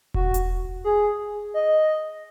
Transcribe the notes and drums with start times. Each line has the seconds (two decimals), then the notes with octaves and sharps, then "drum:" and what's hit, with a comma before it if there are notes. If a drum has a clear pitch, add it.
0.14 F#4, drum: kick E1
0.34 drum: hi-hat
0.84 G#4
1.54 D#5